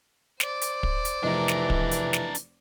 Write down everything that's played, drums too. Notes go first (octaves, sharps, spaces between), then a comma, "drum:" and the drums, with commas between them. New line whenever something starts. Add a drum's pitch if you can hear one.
C5 D5, drum: snare
drum: hi-hat
drum: kick
drum: hi-hat
F1 E3 D4 A#4 D#5
drum: snare
drum: kick
drum: hi-hat
drum: snare
drum: hi-hat